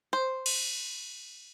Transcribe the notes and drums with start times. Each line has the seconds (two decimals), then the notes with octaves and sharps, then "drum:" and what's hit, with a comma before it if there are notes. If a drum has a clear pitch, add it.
0.13 C5
0.46 drum: cymbal